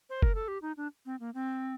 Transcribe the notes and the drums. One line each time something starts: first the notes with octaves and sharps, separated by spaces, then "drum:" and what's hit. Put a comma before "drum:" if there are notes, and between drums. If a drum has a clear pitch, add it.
C5
A#4, drum: kick F#1
A4
G4
D#4
D4
C4
A#3
C4